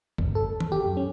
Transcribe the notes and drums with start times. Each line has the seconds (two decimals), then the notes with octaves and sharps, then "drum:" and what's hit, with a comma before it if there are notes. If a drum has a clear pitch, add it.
0.18 G1, drum: kick
0.35 A4
0.60 drum: tom
0.72 G4
0.85 F#2
0.97 C#4